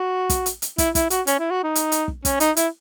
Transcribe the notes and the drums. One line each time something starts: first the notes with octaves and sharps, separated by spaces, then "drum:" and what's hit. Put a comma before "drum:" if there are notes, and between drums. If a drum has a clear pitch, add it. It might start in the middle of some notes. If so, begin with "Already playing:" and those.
Already playing: F#4
drum: kick, hi-hat
drum: hi-hat
drum: hi-hat
E4, drum: kick, hi-hat
E4, drum: kick, hi-hat
F#4, drum: hi-hat
C#4, drum: hi-hat
E4
F#4
D#4
drum: hi-hat
drum: hi-hat
drum: kick
C#4, drum: kick, hi-hat
D#4, drum: hi-hat
E4, drum: hi-hat